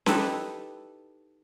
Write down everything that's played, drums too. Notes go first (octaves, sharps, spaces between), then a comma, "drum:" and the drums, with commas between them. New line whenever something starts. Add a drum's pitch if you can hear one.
D#4 E4 G4 A4 B4, drum: snare C#4